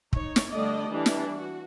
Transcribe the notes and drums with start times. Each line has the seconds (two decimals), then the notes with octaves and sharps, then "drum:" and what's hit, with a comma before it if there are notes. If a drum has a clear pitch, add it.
0.13 D#4 C#5, drum: kick
0.36 drum: snare
0.52 D3 G3 A3 D4 D5 D#5
0.90 E3 G3 D4
1.06 drum: snare
1.36 F#4